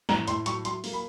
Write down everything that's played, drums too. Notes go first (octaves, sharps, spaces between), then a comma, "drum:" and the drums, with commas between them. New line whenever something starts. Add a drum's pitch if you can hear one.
A2 A#5, drum: snare
A2 C6, drum: hi-hat
F#3 C#6, drum: hi-hat
F#3 C6, drum: hi-hat
A#3, drum: open hi-hat
B5